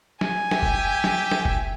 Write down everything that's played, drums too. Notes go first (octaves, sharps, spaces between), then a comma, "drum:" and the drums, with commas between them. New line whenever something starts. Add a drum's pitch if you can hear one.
G#5, drum: snare
G4 E5 G5, drum: snare
drum: kick
drum: snare
drum: snare
drum: kick